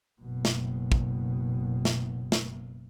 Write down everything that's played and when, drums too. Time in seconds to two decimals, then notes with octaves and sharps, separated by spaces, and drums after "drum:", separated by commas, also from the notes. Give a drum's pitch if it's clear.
0.21 F#1 B2
0.45 drum: snare
0.92 drum: kick
1.85 drum: snare
2.32 drum: snare